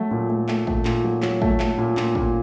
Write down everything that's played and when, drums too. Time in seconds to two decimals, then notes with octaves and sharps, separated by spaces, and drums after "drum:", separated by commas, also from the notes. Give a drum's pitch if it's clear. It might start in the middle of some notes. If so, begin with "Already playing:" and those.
Already playing: F#3 A3
0.11 A#2
0.29 A3
0.49 A3, drum: clap
0.67 A3, drum: kick
0.85 A#2, drum: clap
1.04 F#3
1.22 F#3, drum: clap
1.42 A3, drum: kick
1.60 A3, drum: clap
1.78 A#2
1.97 A#2, drum: clap
2.15 A#2, drum: kick